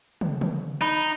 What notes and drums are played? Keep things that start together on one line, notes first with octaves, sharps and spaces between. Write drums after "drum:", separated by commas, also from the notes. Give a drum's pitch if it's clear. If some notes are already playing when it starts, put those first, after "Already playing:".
drum: tom
drum: tom
D#4 B5